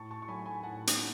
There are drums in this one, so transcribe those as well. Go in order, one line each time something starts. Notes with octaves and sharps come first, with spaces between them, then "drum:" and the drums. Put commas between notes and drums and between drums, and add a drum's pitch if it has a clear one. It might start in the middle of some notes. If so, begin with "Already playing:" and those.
Already playing: A2 A5 C#6
A5 C#6
C#6
F#3 A3 G#5 B5
G#5 B5
A2 F#5 A5
drum: hi-hat